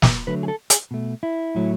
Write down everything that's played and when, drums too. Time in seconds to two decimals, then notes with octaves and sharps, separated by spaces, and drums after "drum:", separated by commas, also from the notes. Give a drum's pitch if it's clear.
0.02 drum: snare
0.27 D3 F#3 A3 B4
0.43 G#4
0.48 A4
0.70 G#4, drum: hi-hat
0.91 B2 A3
1.23 E4
1.55 A2 F#3 A3